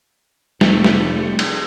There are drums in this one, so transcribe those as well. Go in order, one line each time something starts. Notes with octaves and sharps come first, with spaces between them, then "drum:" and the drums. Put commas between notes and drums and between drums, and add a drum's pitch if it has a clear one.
F1 G3 A3, drum: snare
drum: snare
drum: cymbal